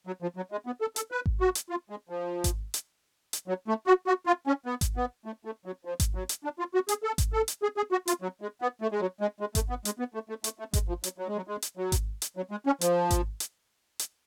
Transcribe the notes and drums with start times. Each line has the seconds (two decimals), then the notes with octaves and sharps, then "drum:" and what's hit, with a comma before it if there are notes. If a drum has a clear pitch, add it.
0.07 F#3
0.22 F3
0.36 F#3
0.52 G#3
0.66 B3
0.81 A4
0.96 A4, drum: hi-hat
1.11 B4
1.26 drum: kick G#1
1.40 F#4
1.55 drum: hi-hat
1.70 F4
1.90 G#3
2.09 F3
2.44 drum: kick G#1, hi-hat
2.74 drum: hi-hat
3.33 drum: hi-hat
3.48 F#3
3.68 A3
3.87 F#4
4.07 F#4
4.26 F4
4.47 C#4
4.66 B3
4.81 drum: kick G#1, hi-hat
4.96 B3
5.26 A3
5.45 A3
5.66 F#3
5.85 F3
6.00 drum: kick G#1, hi-hat
6.15 F#3
6.29 drum: hi-hat
6.44 D4
6.59 F4
6.74 F#4
6.89 G#4, drum: hi-hat
7.03 A4
7.18 drum: kick G#1, hi-hat
7.33 A4
7.48 drum: hi-hat
7.63 G#4
7.77 G#4
7.92 F#4
8.08 F4, drum: hi-hat
8.22 F#3
8.41 G#3
8.62 B3
8.81 A3
8.92 G#3
9.01 F#3
9.21 G#3
9.40 G#3
9.55 A3, drum: kick G#1, hi-hat
9.70 B3
9.85 G#3, drum: hi-hat
9.99 B3
10.14 A3
10.29 A3
10.44 A3, drum: hi-hat
10.59 A3
10.73 G#3, drum: kick G#1, hi-hat
10.88 F3
11.04 F#3, drum: hi-hat
11.18 F#3
11.28 G#3
11.36 F#3
11.48 G#3
11.62 drum: hi-hat
11.77 F#3
11.92 drum: kick G#1, hi-hat
12.22 drum: hi-hat
12.37 F#3
12.51 G#3
12.66 C#4
12.81 F3, drum: hi-hat
13.11 drum: kick G#1, hi-hat
13.40 drum: hi-hat
13.99 drum: hi-hat